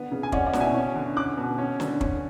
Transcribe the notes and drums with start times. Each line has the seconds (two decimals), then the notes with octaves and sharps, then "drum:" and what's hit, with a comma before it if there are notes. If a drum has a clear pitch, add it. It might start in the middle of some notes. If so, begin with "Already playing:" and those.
Already playing: D3 B3
0.12 C#3
0.23 G#5
0.32 C#4 D5 F#5, drum: kick
0.46 D5 F#5
0.53 B2, drum: snare
0.60 E5 G#5
0.74 C#4
0.95 D3
1.16 C#4 D6 F#6
1.37 B2
1.58 C#4
1.80 D3, drum: snare
2.01 C#4, drum: kick